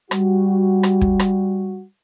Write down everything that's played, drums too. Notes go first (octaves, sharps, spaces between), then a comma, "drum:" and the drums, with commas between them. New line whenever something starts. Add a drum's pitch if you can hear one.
G3 F#4, drum: rim click
drum: rim click
drum: kick
drum: rim click